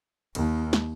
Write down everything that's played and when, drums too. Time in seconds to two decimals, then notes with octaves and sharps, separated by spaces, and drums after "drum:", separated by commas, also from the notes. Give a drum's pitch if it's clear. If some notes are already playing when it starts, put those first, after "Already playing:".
0.35 D#2, drum: cymbal
0.73 drum: snare